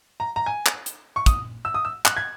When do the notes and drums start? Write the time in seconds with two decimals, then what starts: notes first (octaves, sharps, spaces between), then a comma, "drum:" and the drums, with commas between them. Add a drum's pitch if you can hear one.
0.20 A#5
0.36 A#5
0.46 G#5
0.66 drum: clap
0.86 drum: hi-hat
1.16 C#6
1.26 D#6, drum: kick, hi-hat
1.65 E6
1.74 D#6
1.85 E6
2.05 F#6, drum: clap
2.17 G#6